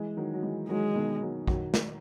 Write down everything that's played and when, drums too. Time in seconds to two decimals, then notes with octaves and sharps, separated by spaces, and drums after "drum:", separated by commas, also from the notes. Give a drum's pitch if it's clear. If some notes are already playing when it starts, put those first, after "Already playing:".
Already playing: E3 G#3
0.17 D#3 F#3
0.34 F#3
0.43 E3 G#3
0.69 D#3 F#3 G#3
0.95 B2 D#3
1.22 D#3 F#3
1.48 D#3 F#3, drum: kick A#1
1.74 drum: snare